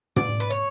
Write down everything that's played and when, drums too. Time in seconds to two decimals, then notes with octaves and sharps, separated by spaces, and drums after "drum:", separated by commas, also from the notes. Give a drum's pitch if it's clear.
0.16 D5, drum: tom
0.40 B4
0.50 C#5